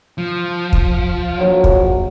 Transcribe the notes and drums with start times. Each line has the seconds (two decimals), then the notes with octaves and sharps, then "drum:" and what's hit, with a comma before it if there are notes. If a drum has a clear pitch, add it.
0.18 F3
0.73 drum: kick
1.38 A#1 F#3
1.64 drum: kick